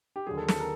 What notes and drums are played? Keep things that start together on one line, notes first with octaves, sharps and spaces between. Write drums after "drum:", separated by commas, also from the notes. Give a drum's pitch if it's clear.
G4
D#2 D3 F#3 G#4
A4
A4, drum: snare
A#4